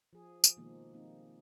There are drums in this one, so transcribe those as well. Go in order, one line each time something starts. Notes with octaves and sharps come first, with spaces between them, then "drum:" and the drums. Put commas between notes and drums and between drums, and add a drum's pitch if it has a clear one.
F3 G#4
drum: tambourine
B2 D#3 F3 G#3 A#3
G3 A#3 C4 D#4